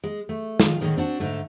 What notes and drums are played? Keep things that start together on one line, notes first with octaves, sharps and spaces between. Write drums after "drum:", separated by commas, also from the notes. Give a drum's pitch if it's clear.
G#3
A3
D#3 G#3 F4, drum: snare
A2 D3 D#3 G#3
C4 D4 F#4
G#2 D3 A3